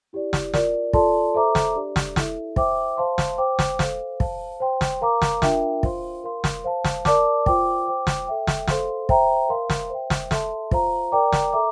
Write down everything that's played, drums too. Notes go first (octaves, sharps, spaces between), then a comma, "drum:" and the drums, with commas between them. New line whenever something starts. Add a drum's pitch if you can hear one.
E4 G4 D5
drum: snare
F4 A#4 D5, drum: snare
F4 A4 D5 A5 C6, drum: kick
A4 C5 E5 A#5 D6
drum: snare
D4 G4 D5
drum: snare
E4 A4 E5, drum: snare
C5 E5 G5 D6, drum: kick
C5 F5 A5 C6
drum: snare
C5 G5 D6
drum: snare
A4 C5 F5, drum: snare
C5 F5 A5, drum: kick
C5 G5 C6
drum: snare
A#4 F5 A#5 D6
drum: snare
D4 F4 A#4 E5 G5, drum: snare
F4 C5 F5 C6, drum: kick
A#4 F5 C6
drum: snare
C5 F5 A5
drum: snare
A#4 D5 A5 D6, drum: snare
F4 C5 G5 D6, drum: kick
C5 G5 D6
drum: snare
A4 E5 G5
drum: snare
A4 C5 F5 C6, drum: snare
C5 E5 G5 A#5, drum: kick
A#4 F5 C6
drum: snare
C5 E5 G5
drum: snare
A4 E5 A5 C6, drum: snare
F4 C5 F5 A#5, drum: kick
A#4 D5 G5 A#5 D6
drum: snare
A4 E5 A#5 D6